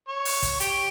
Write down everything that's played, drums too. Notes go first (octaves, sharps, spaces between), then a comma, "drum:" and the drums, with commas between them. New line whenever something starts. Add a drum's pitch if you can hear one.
C#5
drum: open hi-hat
drum: kick, hi-hat
G4, drum: hi-hat